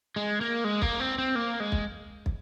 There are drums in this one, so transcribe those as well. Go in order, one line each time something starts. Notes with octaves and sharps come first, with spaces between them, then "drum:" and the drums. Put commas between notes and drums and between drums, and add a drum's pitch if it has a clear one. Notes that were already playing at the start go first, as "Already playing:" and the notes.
G#3
A#3
G#3
A#3, drum: kick
C4
C4
A#3
G#3
drum: kick
drum: kick